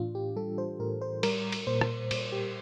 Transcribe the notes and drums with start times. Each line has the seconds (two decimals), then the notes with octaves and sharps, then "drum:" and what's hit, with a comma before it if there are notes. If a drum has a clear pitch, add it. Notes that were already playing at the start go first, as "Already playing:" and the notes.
Already playing: A2 E3 D4 F4
0.15 G4
0.36 G3 A4
0.58 C5
0.80 A2 A#4
1.01 C5
1.23 G3 A#4, drum: cymbal
1.52 drum: cymbal
1.67 A#2 C5
1.81 drum: rim click
2.11 A#2, drum: cymbal
2.32 G4